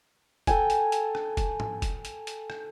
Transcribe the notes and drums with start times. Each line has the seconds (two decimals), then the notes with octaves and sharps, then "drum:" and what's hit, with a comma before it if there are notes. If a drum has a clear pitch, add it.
0.47 A4 G5 G#5, drum: kick, hi-hat
0.70 drum: hi-hat
0.92 drum: hi-hat
1.15 drum: rim click
1.37 drum: kick, hi-hat
1.60 drum: tom
1.82 drum: kick, hi-hat
2.05 drum: hi-hat
2.27 drum: hi-hat
2.50 drum: rim click